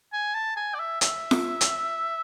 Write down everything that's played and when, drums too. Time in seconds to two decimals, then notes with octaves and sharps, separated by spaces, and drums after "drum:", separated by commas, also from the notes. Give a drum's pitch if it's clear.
0.13 G#5
0.34 A5
0.56 G#5
0.74 D5
0.79 E5
1.01 E5, drum: hi-hat
1.31 drum: snare F4
1.61 drum: hi-hat